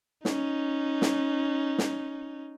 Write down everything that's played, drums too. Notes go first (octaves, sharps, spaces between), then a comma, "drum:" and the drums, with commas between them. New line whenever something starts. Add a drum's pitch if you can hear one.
C#4 D#4, drum: snare
drum: snare
drum: snare